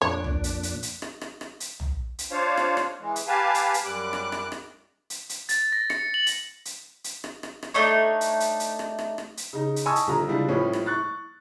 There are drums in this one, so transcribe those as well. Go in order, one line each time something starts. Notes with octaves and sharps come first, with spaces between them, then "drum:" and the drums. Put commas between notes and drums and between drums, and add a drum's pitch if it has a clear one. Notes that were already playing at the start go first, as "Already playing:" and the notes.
F2 A#2 D4 C#5
drum: tom
drum: hi-hat
drum: hi-hat
drum: hi-hat
drum: rim click
drum: rim click
drum: rim click
drum: hi-hat
drum: tom
drum: hi-hat
D4 F4 C5 C#5 F5
drum: rim click
drum: rim click
E3 G#3
drum: hi-hat
G4 B4 F5 G#5 A5
drum: hi-hat
drum: hi-hat
F#2 G3 D6 F#6
drum: rim click
drum: rim click
drum: rim click
drum: hi-hat
drum: hi-hat
A6, drum: hi-hat
A#6
C#7, drum: rim click
F#7
drum: hi-hat
drum: hi-hat
drum: hi-hat
drum: rim click
drum: rim click
drum: rim click
A3 D4 D#4 C#5
drum: hi-hat
drum: hi-hat
drum: hi-hat
drum: rim click
drum: rim click
drum: rim click
drum: hi-hat
C#3 D#4
drum: hi-hat
D#5 G#5 A5 C#6 D#6 E6
drum: hi-hat
D#1 D3 F3 A#5
C#3 E3 G3 G#3 D4 F4
D#1 A2 F3 C#4 B4 C#5
drum: rim click
C#6 F#6 A6